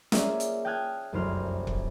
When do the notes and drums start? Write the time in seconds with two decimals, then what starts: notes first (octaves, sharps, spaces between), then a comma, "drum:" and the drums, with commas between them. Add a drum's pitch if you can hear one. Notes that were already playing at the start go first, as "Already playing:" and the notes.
0.12 A#3 C#4 F4 G#4 D5 E5, drum: snare
0.40 drum: hi-hat
0.65 G5 A5 D#6 F6 F#6 G#6
1.12 F1 C2 F#2 E4 C5 F6
1.67 drum: kick